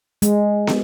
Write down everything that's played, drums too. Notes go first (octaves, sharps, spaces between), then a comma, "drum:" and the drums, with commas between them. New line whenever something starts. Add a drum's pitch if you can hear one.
G#3, drum: hi-hat
drum: snare